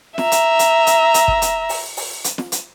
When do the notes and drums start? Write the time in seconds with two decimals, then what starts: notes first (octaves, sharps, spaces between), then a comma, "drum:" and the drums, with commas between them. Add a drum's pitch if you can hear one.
0.18 E5 A#5, drum: snare
0.32 drum: hi-hat
0.59 drum: hi-hat
0.87 drum: hi-hat
1.14 drum: hi-hat
1.28 drum: kick
1.42 drum: hi-hat
1.69 drum: open hi-hat
1.97 drum: open hi-hat
2.24 drum: hi-hat
2.38 drum: snare
2.52 drum: hi-hat